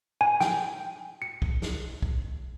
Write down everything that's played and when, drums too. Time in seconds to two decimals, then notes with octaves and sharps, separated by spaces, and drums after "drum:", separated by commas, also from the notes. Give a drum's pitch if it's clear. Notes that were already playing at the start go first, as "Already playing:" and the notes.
0.21 G#5
0.41 G5, drum: snare
1.22 C#7
1.42 drum: kick
1.62 drum: snare
2.02 drum: kick